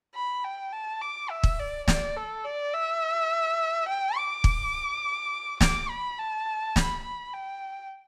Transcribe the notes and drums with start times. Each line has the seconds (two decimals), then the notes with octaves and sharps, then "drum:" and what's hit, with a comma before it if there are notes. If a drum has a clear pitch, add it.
0.15 B5
0.44 G5
0.72 A5
1.01 D6
1.30 E5
1.44 drum: kick
1.59 D5
1.88 D5, drum: snare
2.16 A4
2.44 D5
2.74 E5
3.89 G5
4.17 D6
4.44 drum: kick
5.61 D6, drum: snare
5.89 B5
6.18 A5
6.76 B5, drum: snare
7.04 B5
7.33 G5